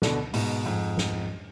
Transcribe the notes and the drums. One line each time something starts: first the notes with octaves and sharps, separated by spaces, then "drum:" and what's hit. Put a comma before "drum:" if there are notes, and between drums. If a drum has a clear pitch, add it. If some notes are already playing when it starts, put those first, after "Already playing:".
B2 D3, drum: snare
G#2 B2, drum: open hi-hat
F2 G#2
drum: snare